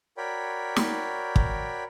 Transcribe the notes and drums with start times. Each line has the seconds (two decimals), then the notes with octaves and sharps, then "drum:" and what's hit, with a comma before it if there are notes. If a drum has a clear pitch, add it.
0.17 F#4 A#4 C#5 D5 G5 B5
0.76 drum: snare
1.36 drum: kick